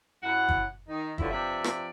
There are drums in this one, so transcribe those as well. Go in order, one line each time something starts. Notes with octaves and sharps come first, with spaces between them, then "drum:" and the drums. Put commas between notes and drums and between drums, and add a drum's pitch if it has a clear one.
F#2 E4 F#5
drum: kick
D#3 D#4
G2 D3 F3 F#3 D4 E4, drum: kick
G2 C3 F3 D5 E5
drum: rim click